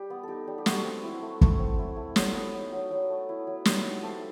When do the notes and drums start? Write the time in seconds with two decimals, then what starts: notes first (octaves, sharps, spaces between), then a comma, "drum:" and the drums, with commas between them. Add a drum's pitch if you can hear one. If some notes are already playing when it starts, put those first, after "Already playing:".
Already playing: G3 G4
0.10 B3
0.23 D#4 G4 A4
0.47 G3
0.58 G4
0.66 A3 F#4, drum: snare
0.84 C4
1.03 E4
1.22 A3
1.41 A3, drum: kick
1.59 C4
1.79 E4
1.97 A3
2.16 F#3 G4, drum: snare
2.34 B3
2.53 D#4
2.72 F#3
2.91 F#3
3.10 A3
3.29 E4
3.47 F#3
3.65 D#4 G4 B4, drum: snare
3.84 D#4
4.03 A3 A4 C5